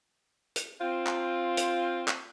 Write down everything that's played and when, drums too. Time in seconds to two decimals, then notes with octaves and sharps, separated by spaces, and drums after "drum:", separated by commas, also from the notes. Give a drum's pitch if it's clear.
0.56 drum: hi-hat
0.81 C4 F4
1.06 drum: clap
1.57 drum: hi-hat
2.08 drum: clap